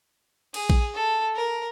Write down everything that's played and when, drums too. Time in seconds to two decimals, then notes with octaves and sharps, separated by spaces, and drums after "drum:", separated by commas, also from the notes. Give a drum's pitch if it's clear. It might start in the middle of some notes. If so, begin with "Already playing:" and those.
0.54 G#4, drum: cymbal
0.70 drum: kick A#1
0.95 A4
1.35 A#4